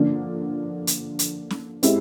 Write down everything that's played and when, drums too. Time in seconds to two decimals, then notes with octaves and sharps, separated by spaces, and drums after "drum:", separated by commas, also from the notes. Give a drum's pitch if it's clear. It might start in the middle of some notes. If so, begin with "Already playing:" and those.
Already playing: D3 F3 A#3 D4
0.87 drum: hi-hat
1.19 drum: hi-hat
1.51 drum: snare C#4
1.83 G#3 C4 E4 G4, drum: hi-hat